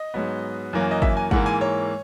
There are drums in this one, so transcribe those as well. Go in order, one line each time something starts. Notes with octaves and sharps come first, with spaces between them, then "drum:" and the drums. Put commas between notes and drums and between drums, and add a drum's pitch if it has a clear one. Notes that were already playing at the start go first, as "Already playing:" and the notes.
Already playing: D#5
G#2 F#3 B3
F#2 E3 A#3 C#4
D#5
E5, drum: kick
G#5
G#2 E3 A#3 F#5, drum: kick
G#5
C#5